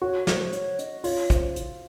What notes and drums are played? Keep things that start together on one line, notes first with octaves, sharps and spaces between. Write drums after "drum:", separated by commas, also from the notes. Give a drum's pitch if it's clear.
F#4 C#5
C5, drum: snare
C#5, drum: hi-hat
D#5, drum: hi-hat
F4 C#5, drum: open hi-hat
C5, drum: kick A1, hi-hat
drum: hi-hat